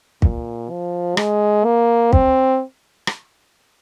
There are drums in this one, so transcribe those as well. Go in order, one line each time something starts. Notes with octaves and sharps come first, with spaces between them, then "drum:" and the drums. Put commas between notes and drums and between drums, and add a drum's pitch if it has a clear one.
A#2, drum: kick
F3
G#3, drum: rim click
A#3
C4, drum: kick
drum: rim click